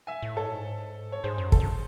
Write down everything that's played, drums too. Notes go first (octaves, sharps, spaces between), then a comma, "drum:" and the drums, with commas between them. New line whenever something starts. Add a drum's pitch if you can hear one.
E5 G#5
A2
G#2 A4 C#5
A2
G#2
C#5
G#2 G#4 C5
F#2
G#2 A4, drum: kick
F#2